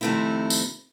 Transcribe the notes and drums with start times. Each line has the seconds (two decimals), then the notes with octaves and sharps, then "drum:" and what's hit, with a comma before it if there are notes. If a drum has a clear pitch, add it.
0.01 F2 C3 D#3 A3 C4 E4
0.50 drum: tambourine